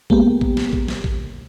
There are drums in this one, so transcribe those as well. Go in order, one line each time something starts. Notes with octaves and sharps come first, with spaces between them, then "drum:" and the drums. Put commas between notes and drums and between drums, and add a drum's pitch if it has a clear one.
G#3 A#3 B3 G4, drum: kick
drum: kick
drum: snare
drum: kick
drum: snare
drum: kick